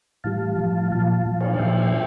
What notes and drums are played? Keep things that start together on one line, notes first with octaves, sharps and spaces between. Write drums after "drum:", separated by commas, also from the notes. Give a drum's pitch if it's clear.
A2 E3 G3 F5 A5
A2 F3
A#2 F3 F5 A5
A#2 F3
drum: cymbal
A5
A#2 F3 E5 G5